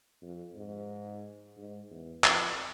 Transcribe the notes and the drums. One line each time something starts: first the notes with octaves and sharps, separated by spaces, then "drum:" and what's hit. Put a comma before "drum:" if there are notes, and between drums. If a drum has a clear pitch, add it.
F2
G#2
G#2
E2
F2, drum: clap